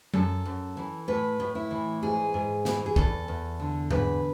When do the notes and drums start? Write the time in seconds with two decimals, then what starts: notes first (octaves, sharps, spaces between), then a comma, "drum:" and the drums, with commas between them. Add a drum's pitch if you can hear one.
0.14 F#2 A4, drum: tom F#3
0.45 F#2
0.77 E3
1.08 A2 B4
1.40 A2
1.55 E4
1.71 E3
2.02 G#2 G#4
2.34 G#2
2.65 E3, drum: snare
2.86 G#4
2.96 E2 A4, drum: kick
3.28 E2
3.60 D3
3.91 E2 B4, drum: tom G#2